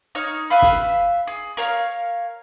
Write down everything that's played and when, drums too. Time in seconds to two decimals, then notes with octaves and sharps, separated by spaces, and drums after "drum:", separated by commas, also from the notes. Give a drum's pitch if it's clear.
0.15 D#4 C#5 F6
0.50 B4 E5 F5 B5
0.62 drum: snare
1.27 G#4
1.57 A#4 C#5 F5, drum: hi-hat